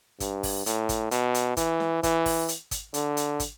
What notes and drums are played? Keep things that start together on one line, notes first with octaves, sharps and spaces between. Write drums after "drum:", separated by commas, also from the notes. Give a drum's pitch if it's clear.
G2, drum: kick, hi-hat
drum: kick, open hi-hat
A2, drum: hi-hat
drum: kick, hi-hat
B2, drum: hi-hat
drum: hi-hat
E3, drum: kick, hi-hat
drum: snare
E3, drum: kick, hi-hat
drum: kick, open hi-hat
drum: hi-hat
drum: kick, hi-hat
D3, drum: hi-hat
drum: hi-hat
drum: kick, hi-hat